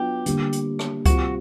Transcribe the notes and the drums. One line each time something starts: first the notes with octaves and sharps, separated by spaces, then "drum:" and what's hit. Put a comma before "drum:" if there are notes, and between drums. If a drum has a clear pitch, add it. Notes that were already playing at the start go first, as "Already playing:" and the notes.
Already playing: F#3 B3 D4 F4 G4
D3 G3 A#3, drum: hi-hat
drum: hi-hat
drum: rim click
G3 C4 F4 F#4, drum: kick C#2, hi-hat